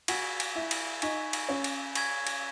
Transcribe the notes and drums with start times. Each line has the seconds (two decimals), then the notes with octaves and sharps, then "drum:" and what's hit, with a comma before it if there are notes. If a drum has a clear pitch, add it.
0.08 F#4 F#5 G#5 C#6 G#6 B6, drum: cymbal
0.40 drum: cymbal
0.55 E4 E5
0.71 drum: cymbal
1.02 D#4 D#5 G#5 C#6 G#6 B6, drum: cymbal
1.33 drum: cymbal
1.49 C#4 C#5
1.64 drum: cymbal
1.95 G#5 C#6 G#6 B6, drum: cymbal
2.27 drum: cymbal